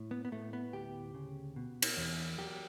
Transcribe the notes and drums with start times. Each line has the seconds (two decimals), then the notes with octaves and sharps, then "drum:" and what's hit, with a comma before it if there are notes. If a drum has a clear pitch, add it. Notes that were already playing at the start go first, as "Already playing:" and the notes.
Already playing: A2
0.11 B3
0.25 B3
0.32 A2 A3
0.53 B3
0.73 D2 G4
1.14 C#3
1.56 B2
1.82 drum: cymbal
1.97 E2
2.38 F#3 G4